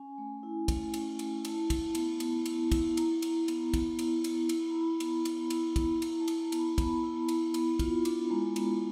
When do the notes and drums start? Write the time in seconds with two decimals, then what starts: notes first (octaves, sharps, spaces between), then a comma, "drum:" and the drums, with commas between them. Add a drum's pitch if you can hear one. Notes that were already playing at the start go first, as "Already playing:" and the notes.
Already playing: C#4 G#5
0.18 A3
0.43 E4
0.68 A3, drum: kick, cymbal
0.94 C#4, drum: cymbal
1.19 A3, drum: cymbal
1.45 E4 A5, drum: cymbal
1.70 E4, drum: kick, cymbal
1.95 B3, drum: cymbal
2.20 B3, drum: cymbal
2.46 E4, drum: cymbal
2.72 E4, drum: kick, cymbal
2.97 E4 A#5, drum: cymbal
3.22 E4, drum: cymbal
3.48 B3, drum: cymbal
3.74 B3, drum: kick, cymbal
3.99 E4, drum: cymbal
4.24 E4, drum: cymbal
4.49 E4, drum: cymbal
4.60 B5
4.70 E4 A#5
4.81 B5
5.00 B3, drum: cymbal
5.25 B3, drum: cymbal
5.50 E4, drum: cymbal
5.76 E4, drum: kick, cymbal
6.02 E4 A#5, drum: cymbal
6.20 A5
6.28 E4, drum: cymbal
6.40 A#5
6.52 B3, drum: cymbal
6.59 B5
6.78 B3 B5, drum: kick, cymbal
7.03 E4
7.28 E4, drum: cymbal
7.54 B3, drum: cymbal
7.79 F4, drum: kick, cymbal
8.05 D4, drum: cymbal
8.30 G#3 A#5
8.56 B3, drum: cymbal